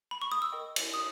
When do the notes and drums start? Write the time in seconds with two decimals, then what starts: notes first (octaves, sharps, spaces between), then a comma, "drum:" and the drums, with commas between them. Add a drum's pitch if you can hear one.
0.11 B5
0.22 C#6
0.32 D#6
0.42 E6
0.52 A#4 D#5 G5
0.76 drum: cymbal
0.94 D#6